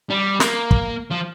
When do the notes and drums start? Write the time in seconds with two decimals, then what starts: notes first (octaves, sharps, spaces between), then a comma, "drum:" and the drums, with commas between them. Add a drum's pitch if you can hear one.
0.10 G3
0.40 A#3, drum: snare
0.71 drum: kick
1.10 F3